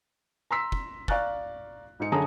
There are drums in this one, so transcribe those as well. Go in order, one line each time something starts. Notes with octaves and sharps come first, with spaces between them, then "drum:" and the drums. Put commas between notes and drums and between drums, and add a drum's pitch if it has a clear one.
A#5 C6 E6 B6
drum: kick
D5 F5 A#5 C#6 F#6 A6, drum: kick
G#2 D#4 C#7
F#2 D3 G#4 C#5 A5 A#5